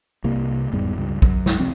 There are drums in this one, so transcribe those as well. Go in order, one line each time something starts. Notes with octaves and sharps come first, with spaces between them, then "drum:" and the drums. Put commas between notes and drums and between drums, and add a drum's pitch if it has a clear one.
C2 C3 A#3
F#1 E2 G#2 G3
C#2 G2
F#2, drum: kick
drum: snare
C2 F3 C4